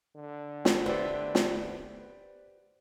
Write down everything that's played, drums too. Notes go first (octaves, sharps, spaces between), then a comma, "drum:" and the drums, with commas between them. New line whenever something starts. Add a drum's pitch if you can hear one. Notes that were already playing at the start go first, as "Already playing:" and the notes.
D3
drum: snare
B3 G4 B4 C5 D5 E5
drum: snare